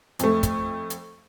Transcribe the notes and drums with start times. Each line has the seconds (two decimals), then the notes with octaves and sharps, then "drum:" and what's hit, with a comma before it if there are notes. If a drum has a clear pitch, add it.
0.19 F2 A3, drum: hi-hat
0.43 drum: kick, hi-hat
0.90 drum: hi-hat